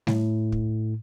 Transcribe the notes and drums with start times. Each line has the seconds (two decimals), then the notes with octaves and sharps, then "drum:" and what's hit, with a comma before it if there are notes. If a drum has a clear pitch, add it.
0.07 A2, drum: snare
0.52 drum: kick